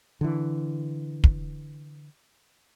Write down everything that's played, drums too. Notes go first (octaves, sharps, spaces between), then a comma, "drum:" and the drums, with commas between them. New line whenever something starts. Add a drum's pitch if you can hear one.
D3 E3
drum: kick